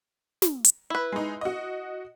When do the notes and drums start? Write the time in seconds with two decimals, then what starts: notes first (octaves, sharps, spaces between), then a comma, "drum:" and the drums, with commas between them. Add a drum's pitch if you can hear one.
0.42 drum: snare
0.64 drum: hi-hat
0.90 E4 B4
1.12 G#3 D#4
1.41 F#4 D#5